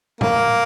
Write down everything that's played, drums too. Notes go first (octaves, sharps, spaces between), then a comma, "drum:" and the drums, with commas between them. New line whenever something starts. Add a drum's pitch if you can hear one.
A#3, drum: tom A2